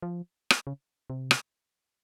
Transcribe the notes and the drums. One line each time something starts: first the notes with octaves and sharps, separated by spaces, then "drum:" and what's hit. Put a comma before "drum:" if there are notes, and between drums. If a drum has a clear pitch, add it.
F3
drum: rim click
C#3
C3
drum: rim click